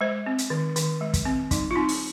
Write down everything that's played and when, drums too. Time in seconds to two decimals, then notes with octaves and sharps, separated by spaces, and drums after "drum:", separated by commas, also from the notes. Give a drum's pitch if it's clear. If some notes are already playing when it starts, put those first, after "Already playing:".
0.01 G#3 C5
0.26 C4
0.38 drum: hi-hat
0.50 D#3
0.76 D#3, drum: hi-hat
1.01 G#3
1.14 drum: kick, hi-hat
1.25 C4
1.51 G3 D#4, drum: kick, hi-hat
1.71 F4
1.76 C4 D#4
1.89 drum: open hi-hat